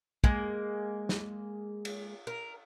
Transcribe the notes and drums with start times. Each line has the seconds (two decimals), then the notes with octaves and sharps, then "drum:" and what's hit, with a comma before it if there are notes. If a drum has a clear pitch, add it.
0.24 G#3 A#3, drum: kick
1.09 drum: snare
1.85 drum: cymbal
2.27 A#4